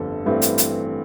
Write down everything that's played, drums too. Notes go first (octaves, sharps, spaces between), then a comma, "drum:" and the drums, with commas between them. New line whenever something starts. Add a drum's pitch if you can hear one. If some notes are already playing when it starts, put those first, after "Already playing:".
Already playing: G1 F2 D3 A3 A4
A1 G2 E3 A3 C4
drum: hi-hat
drum: hi-hat